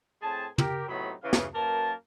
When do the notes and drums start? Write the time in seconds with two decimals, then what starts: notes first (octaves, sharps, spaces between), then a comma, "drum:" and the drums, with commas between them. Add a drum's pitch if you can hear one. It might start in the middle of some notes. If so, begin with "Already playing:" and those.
0.23 A2 C4 G#4 A5
0.58 G4 A#4, drum: tom
0.89 A2 C3 F#3 B3 D#4 B5
1.23 C#3 E3 F5
1.33 drum: snare
1.55 F#2 A#3 A#4 B4 A5